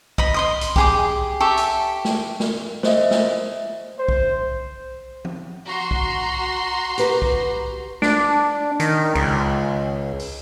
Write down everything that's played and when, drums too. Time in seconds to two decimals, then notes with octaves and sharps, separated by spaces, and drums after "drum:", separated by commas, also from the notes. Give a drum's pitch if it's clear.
0.18 D#5 B5, drum: kick B1
0.34 D#5 C6 D#6
0.61 drum: hi-hat
0.76 G4 G#4 D6, drum: kick B1
1.40 G4 A4 E5 C#6
1.57 drum: hi-hat
2.05 drum: snare
2.40 drum: snare
2.83 C5 D#5 E5, drum: snare
3.11 drum: snare
3.98 C5
4.09 drum: kick B1
5.25 drum: tom F3
5.66 F#4 A#5 C6
5.91 drum: kick B1
6.98 G4 B4, drum: hi-hat
7.22 drum: kick B1
8.02 D4, drum: snare
8.80 D#3, drum: hi-hat
9.15 C#2, drum: cymbal
10.19 drum: open hi-hat